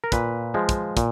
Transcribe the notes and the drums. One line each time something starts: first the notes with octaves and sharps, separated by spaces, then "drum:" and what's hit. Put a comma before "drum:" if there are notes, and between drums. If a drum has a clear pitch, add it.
A#4
A#2 B4, drum: kick, hi-hat
F3 G#3
drum: kick, hi-hat
A#2, drum: kick, hi-hat